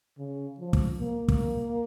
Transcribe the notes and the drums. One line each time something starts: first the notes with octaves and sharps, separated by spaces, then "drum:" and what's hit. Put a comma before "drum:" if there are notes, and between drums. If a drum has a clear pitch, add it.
C#3
F3
drum: kick
A#3
drum: kick